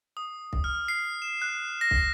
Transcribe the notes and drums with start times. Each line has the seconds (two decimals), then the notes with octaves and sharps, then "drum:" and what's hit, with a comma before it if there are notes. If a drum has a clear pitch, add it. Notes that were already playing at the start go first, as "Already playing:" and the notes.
0.17 D#6
0.53 drum: kick
0.64 F6
0.88 C7
1.22 E7
1.42 F#6
1.81 A#6
1.91 drum: kick